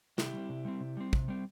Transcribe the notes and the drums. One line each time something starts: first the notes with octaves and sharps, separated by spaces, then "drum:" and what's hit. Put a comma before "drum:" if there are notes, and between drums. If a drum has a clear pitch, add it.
C3 E4 G4, drum: snare
G3 C4
C3
G3 C4
C3
G3 C4
C3, drum: kick
G3 C4